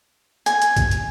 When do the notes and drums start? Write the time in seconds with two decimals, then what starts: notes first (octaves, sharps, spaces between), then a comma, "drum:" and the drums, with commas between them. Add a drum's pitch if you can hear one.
0.46 G#5, drum: hi-hat
0.62 drum: hi-hat
0.76 drum: kick B1, hi-hat
0.91 drum: hi-hat